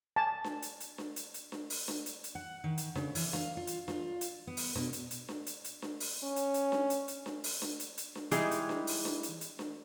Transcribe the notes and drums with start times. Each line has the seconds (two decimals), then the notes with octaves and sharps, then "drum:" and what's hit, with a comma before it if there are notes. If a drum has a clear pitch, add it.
0.16 G#5 A5
0.44 drum: snare D4
0.62 drum: hi-hat
0.80 drum: hi-hat
0.98 drum: snare D4
1.16 drum: hi-hat
1.34 drum: hi-hat
1.52 drum: snare D4
1.70 drum: open hi-hat
1.88 drum: snare D4
2.06 drum: hi-hat
2.24 drum: hi-hat
2.35 F#5
2.64 D#3
2.78 drum: hi-hat
2.95 C#3, drum: snare D4
3.15 E3, drum: open hi-hat
3.33 F5, drum: snare D4
3.57 F4
3.67 drum: hi-hat
3.88 F4, drum: snare D4
4.21 drum: hi-hat
4.47 B3
4.57 drum: open hi-hat
4.75 B2, drum: snare D4
4.93 drum: hi-hat
5.11 drum: hi-hat
5.29 drum: snare D4
5.46 drum: hi-hat
5.64 drum: hi-hat
5.82 drum: snare D4
6.00 drum: open hi-hat
6.23 C#4
6.36 drum: hi-hat
6.54 drum: hi-hat
6.72 drum: snare D4
6.90 drum: hi-hat
7.08 drum: hi-hat
7.26 drum: snare D4
7.44 drum: open hi-hat
7.62 drum: snare D4
7.80 drum: hi-hat
7.97 drum: hi-hat
8.15 drum: snare D4
8.31 E3 G3 G#3 D#4 G#4, drum: hi-hat
8.51 drum: hi-hat
8.69 drum: snare D4
8.87 drum: open hi-hat
9.05 drum: snare D4
9.23 drum: hi-hat
9.41 drum: hi-hat
9.59 drum: snare D4